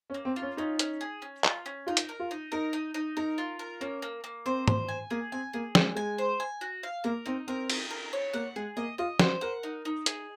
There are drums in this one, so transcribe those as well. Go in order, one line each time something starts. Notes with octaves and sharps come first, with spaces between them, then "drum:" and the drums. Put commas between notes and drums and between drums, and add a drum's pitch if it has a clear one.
C#4
A#3
C4
F4
C#4
C#4 D#4
C#4, drum: hi-hat
G#4
C#4
F4, drum: clap
C#4
D#4 F4
drum: hi-hat
A#4
F4
D#4
D#4 A#4
D#4
D#4
D#4 A#4
F4
A#4
A#3 C#4
A#3
A#3
C4 C5
C5, drum: tom G#2
G#5
A#3 G#4
C4 G#5
A#3 G#4
G#3 G#5, drum: snare
G#3 G#5
C5
G#5
F#4
F5
A#3 A#4
C4 D#4
C4 A#4
D#4, drum: cymbal
A#4
C#5
A#3 F#5
G#3 G#4
A#3 D#5
F4 D#5
F#4 C5, drum: snare
A#4 F#5
D#4
D#4
G#4, drum: hi-hat